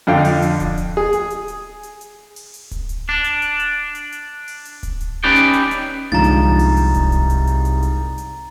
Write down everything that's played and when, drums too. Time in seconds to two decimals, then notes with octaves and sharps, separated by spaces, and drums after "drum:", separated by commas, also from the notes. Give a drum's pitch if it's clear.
0.07 F2 D3 F5 G5
0.25 drum: open hi-hat
0.42 drum: hi-hat
0.60 drum: kick D1, hi-hat
0.77 drum: hi-hat
0.97 G#4
1.13 drum: hi-hat
1.30 drum: hi-hat
1.48 drum: hi-hat
1.83 drum: hi-hat
2.01 drum: hi-hat
2.36 drum: open hi-hat
2.54 drum: hi-hat
2.71 drum: kick D1, hi-hat
2.89 drum: hi-hat
3.09 D4
3.24 drum: hi-hat
3.42 drum: hi-hat
3.60 drum: hi-hat
3.95 drum: hi-hat
4.12 drum: hi-hat
4.48 drum: open hi-hat
4.65 drum: hi-hat
4.83 drum: kick D1, hi-hat
5.01 drum: hi-hat
5.24 C#4 D#4 G4 B4 D5 G5
5.36 drum: hi-hat
5.53 drum: hi-hat
5.71 drum: hi-hat
6.12 C2 G#2 D3 F3 A#5 A6
6.24 drum: hi-hat
6.59 drum: open hi-hat
6.77 drum: hi-hat
6.94 drum: kick D1, hi-hat
7.12 drum: hi-hat
7.30 drum: hi-hat
7.47 drum: hi-hat
7.65 drum: hi-hat
7.83 drum: hi-hat
8.18 drum: hi-hat